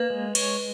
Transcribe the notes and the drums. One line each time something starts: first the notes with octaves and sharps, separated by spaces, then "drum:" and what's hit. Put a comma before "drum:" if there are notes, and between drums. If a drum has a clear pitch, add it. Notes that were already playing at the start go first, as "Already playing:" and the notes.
Already playing: A#3 B4
G#3
C#5, drum: cymbal